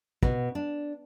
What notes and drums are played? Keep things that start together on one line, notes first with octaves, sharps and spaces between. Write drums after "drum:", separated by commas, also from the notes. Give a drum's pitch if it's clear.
B2, drum: kick
D4